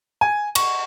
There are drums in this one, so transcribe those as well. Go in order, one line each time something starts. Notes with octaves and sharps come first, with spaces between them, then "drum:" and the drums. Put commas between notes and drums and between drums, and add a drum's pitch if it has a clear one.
G#5
C#6, drum: cymbal